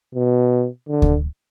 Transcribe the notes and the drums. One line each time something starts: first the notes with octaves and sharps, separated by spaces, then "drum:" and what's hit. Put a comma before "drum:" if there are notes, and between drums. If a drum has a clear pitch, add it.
B2
D3
drum: kick D2